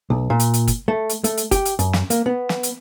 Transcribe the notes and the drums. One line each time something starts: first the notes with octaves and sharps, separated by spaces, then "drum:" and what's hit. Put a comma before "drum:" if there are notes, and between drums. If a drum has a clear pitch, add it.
B1
A#2
drum: hi-hat
drum: hi-hat
drum: kick, hi-hat
A3
drum: hi-hat
A3, drum: hi-hat
drum: hi-hat
G4, drum: kick, hi-hat
drum: hi-hat
F#2, drum: hi-hat
drum: snare
A#3, drum: hi-hat
B3
drum: snare
drum: hi-hat